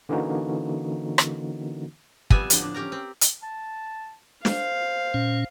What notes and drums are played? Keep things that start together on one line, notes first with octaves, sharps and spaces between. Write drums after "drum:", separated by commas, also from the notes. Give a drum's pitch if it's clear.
D3 E3 A#3 C#4 D#4 F#4
drum: rim click
F3 G3 B3 C4 E5 G#5, drum: kick
A2 D3 F3, drum: hi-hat
D4
C#4 G4 A#4 A#5
C4
drum: hi-hat
A5
C5 F5, drum: snare
A#2 C#4